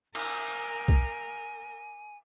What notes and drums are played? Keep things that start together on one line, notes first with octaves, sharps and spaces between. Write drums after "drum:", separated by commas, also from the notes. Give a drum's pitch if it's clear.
A#4 G#5, drum: cymbal
drum: kick B1